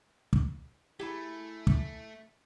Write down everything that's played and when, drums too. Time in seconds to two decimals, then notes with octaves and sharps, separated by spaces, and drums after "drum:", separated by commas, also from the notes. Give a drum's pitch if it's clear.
0.33 drum: kick
1.00 A3 E4 G4 G#4 E5 B5
1.67 drum: kick